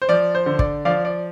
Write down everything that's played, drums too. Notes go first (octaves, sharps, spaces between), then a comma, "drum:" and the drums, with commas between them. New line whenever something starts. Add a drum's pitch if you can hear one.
C5
F3 D5
C5
D3
D5, drum: kick
F3 D5 F5
D5